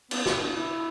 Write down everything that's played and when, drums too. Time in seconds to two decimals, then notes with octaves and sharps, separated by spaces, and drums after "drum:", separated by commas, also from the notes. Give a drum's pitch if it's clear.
0.11 B3, drum: cymbal
0.26 E4, drum: snare
0.41 D4
0.56 E4